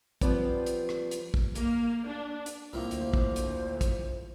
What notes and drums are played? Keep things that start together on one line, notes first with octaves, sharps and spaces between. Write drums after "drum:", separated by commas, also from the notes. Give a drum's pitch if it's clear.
F3 G3 B3 C4 D5, drum: kick, hi-hat
drum: hi-hat
drum: rim click
drum: hi-hat
drum: kick
A#3, drum: hi-hat
D4
drum: hi-hat
C2 A2 F3 A#3
D2 C5, drum: hi-hat
drum: kick
drum: hi-hat
drum: kick, hi-hat